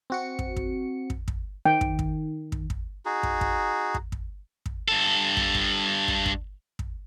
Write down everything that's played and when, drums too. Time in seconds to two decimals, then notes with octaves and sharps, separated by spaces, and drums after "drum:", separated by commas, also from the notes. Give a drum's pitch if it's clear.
0.10 C4 F#4 C#7
0.39 drum: kick
0.56 drum: kick
1.10 drum: kick
1.28 drum: kick
1.66 D#3 G5
1.81 drum: kick
1.99 drum: kick
2.52 drum: kick
2.70 drum: kick
3.06 D#4 F#4 G#4
3.23 drum: kick
3.41 drum: kick
3.94 drum: kick
4.12 drum: kick
4.66 drum: kick
4.88 G2 A4
5.37 drum: kick
5.55 drum: kick
6.08 drum: kick
6.26 drum: kick
6.79 drum: kick